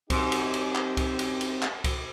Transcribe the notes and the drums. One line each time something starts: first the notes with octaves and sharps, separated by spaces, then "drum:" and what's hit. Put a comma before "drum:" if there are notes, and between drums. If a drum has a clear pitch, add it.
F#2 C4 D#4 G4, drum: kick C2, cymbal
drum: cymbal
drum: cymbal
drum: clap
drum: kick C2, cymbal
drum: cymbal
drum: cymbal
drum: clap
drum: kick C2, cymbal